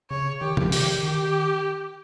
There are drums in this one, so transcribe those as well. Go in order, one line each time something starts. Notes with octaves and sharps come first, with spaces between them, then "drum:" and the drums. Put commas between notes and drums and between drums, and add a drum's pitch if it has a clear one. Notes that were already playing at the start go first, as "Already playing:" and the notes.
C#3 C#5
D#3 G4
F3, drum: tom C3
D#3 G4, drum: open hi-hat
D#3 G4